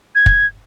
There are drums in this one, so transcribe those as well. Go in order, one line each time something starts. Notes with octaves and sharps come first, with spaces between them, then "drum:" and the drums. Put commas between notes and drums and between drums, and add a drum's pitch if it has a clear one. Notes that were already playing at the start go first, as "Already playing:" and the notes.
G#6
drum: kick